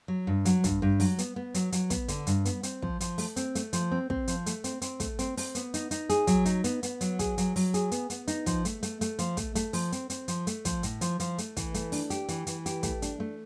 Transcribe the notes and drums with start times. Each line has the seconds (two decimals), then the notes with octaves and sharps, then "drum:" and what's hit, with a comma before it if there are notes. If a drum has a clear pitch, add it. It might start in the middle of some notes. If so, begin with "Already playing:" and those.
0.08 F#3
0.27 G2
0.45 F#3, drum: hi-hat
0.64 G2, drum: kick, hi-hat
0.82 G2
1.00 F#3, drum: open hi-hat
1.19 B3, drum: hi-hat
1.36 B3
1.54 F#3, drum: hi-hat
1.72 F#3, drum: hi-hat
1.90 B3, drum: kick, hi-hat
2.08 D3, drum: hi-hat
2.27 G2, drum: hi-hat
2.45 B3, drum: hi-hat
2.63 C4, drum: hi-hat
2.82 F3, drum: kick
3.00 F3, drum: hi-hat
3.18 A3, drum: open hi-hat
3.36 C4, drum: hi-hat
3.55 A3, drum: hi-hat
3.73 F3, drum: hi-hat
3.92 C4
4.10 C4, drum: kick
4.28 F3, drum: hi-hat
4.46 A3, drum: hi-hat
4.64 C4, drum: hi-hat
4.82 C4, drum: hi-hat
5.00 A3, drum: kick, hi-hat
5.19 C4, drum: hi-hat
5.37 C4, drum: open hi-hat
5.55 B3, drum: hi-hat
5.74 D#4, drum: hi-hat
5.91 D#4, drum: hi-hat
6.10 G#4, drum: hi-hat
6.27 F#3, drum: kick, hi-hat
6.45 D#4, drum: hi-hat
6.64 B3, drum: hi-hat
6.83 B3, drum: hi-hat
7.01 F#3, drum: hi-hat
7.19 G#4, drum: kick, hi-hat
7.38 F#3, drum: hi-hat
7.56 F#3, drum: open hi-hat
7.74 G#4, drum: hi-hat
7.91 B3, drum: hi-hat
8.10 B3, drum: hi-hat
8.28 D#4, drum: hi-hat
8.46 F3, drum: kick, hi-hat
8.65 A3, drum: hi-hat
8.83 A3, drum: hi-hat
9.01 A3, drum: hi-hat
9.19 F3, drum: hi-hat
9.37 A3, drum: kick, hi-hat
9.55 A3, drum: hi-hat
9.73 F3, drum: open hi-hat
9.92 C4, drum: hi-hat
10.10 C4, drum: hi-hat
10.28 F3, drum: hi-hat
10.47 A3, drum: hi-hat
10.65 F3, drum: kick, hi-hat
10.83 A2, drum: hi-hat
11.01 F3, drum: hi-hat
11.20 F3, drum: hi-hat
11.38 A3, drum: hi-hat
11.57 E3, drum: kick, hi-hat
11.74 A3, drum: hi-hat
11.92 D4, drum: open hi-hat
12.10 G4, drum: hi-hat
12.29 E3, drum: hi-hat
12.47 E3, drum: hi-hat
12.66 G4, drum: hi-hat
12.83 A3, drum: kick, hi-hat
13.02 D4, drum: hi-hat
13.20 A3